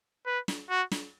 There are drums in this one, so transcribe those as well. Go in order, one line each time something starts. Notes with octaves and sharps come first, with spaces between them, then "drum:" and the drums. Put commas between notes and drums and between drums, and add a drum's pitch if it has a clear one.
B4
drum: snare
F#4
drum: snare